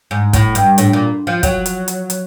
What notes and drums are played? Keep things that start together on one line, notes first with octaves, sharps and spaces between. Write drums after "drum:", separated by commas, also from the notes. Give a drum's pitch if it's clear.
G#2
A2, drum: kick, hi-hat
G2, drum: hi-hat
A2, drum: hi-hat
A#2
F3
F#3, drum: kick, hi-hat
drum: hi-hat
drum: hi-hat
drum: hi-hat